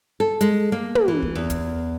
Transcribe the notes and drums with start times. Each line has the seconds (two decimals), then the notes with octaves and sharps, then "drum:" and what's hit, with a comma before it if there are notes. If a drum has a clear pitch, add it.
0.20 A4
0.41 G#3, drum: hi-hat
0.72 A#3
0.95 drum: tom
1.08 E3
1.22 drum: kick
1.35 E2
1.50 drum: kick, hi-hat